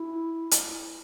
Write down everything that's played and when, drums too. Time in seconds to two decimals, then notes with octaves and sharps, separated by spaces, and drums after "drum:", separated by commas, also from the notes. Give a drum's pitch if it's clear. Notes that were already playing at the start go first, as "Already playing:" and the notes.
Already playing: E4
0.51 drum: hi-hat